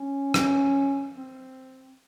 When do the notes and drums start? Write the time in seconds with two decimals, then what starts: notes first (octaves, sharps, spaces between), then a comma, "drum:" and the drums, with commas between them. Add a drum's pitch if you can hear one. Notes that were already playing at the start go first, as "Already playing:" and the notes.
Already playing: C#4
0.34 C4, drum: rim click
0.40 C#4
1.16 C4